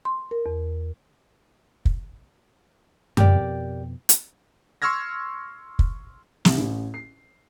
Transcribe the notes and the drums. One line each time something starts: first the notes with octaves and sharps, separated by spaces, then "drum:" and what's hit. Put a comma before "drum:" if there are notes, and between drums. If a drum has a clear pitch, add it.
C6
A#4
E2
drum: kick
F2 B2 G4 A#4 D5, drum: tom F#2
drum: hi-hat
C6 C#6 E6 F6 G#6 A#6
drum: kick
C2, drum: snare
A1
C7